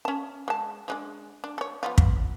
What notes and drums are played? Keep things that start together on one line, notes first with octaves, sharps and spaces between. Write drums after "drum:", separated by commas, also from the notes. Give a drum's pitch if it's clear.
C#4 A5
G#3 A5
F3 G#3 D4
D4
A4 C#5
F3 B3 F4
drum: kick